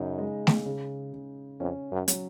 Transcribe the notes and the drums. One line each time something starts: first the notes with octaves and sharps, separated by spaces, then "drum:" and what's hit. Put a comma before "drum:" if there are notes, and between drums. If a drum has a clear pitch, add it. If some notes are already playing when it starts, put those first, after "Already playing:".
Already playing: F#2 C#3 D#4
G#3
drum: snare
C#3
C#3
F2 C#4
F#2
F#3, drum: hi-hat